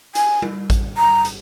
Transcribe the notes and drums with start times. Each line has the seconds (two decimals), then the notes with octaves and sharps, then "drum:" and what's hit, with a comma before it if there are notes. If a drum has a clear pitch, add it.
0.15 G#5, drum: hi-hat
0.42 drum: tom G3
0.70 drum: kick A1, hi-hat
0.98 A#5
1.25 drum: hi-hat